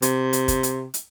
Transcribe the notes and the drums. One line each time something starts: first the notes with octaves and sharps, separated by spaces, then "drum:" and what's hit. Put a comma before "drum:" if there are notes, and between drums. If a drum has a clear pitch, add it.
C3, drum: hi-hat
drum: hi-hat
drum: kick, hi-hat
drum: hi-hat
drum: hi-hat